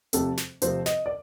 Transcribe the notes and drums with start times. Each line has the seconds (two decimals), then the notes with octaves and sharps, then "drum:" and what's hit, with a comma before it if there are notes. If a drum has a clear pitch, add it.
0.13 F2 C3 F3 A3 C4 A4, drum: hi-hat
0.37 drum: snare
0.62 F2 C3 F3 A3 C4 C5, drum: hi-hat
0.86 D#5, drum: snare
1.06 D5